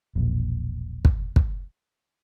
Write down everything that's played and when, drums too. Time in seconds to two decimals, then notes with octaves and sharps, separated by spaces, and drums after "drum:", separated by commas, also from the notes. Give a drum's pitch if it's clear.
0.15 E1 A#1
1.05 drum: kick
1.36 drum: kick